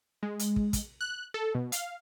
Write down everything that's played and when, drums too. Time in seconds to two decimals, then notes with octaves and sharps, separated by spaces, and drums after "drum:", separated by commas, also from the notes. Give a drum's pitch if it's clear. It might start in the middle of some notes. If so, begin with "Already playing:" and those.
0.23 G#3
0.39 drum: hi-hat
0.56 drum: kick
0.73 drum: kick, hi-hat
1.01 F#6
1.34 A4
1.55 B2
1.72 F5, drum: hi-hat